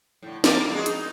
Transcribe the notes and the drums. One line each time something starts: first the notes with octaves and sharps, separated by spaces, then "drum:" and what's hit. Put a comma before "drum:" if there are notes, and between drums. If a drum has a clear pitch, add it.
A2 D3
A#3 E4 D5, drum: snare
G#3 F#4 G#4
D#4, drum: hi-hat